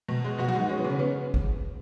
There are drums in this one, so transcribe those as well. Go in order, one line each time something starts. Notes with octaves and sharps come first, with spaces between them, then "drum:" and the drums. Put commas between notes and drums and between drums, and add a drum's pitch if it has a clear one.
B2
G#3
B2 F#4
F#4, drum: tom F#3
G#3
D#4
G#3 C#4
B3
C#3 C#4
C#3 B3
drum: kick